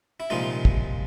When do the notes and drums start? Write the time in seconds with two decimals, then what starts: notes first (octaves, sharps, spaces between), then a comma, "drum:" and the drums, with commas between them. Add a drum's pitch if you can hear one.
0.20 E4
0.30 C2 A#2 F3 G#3 D#4 F4
0.65 drum: kick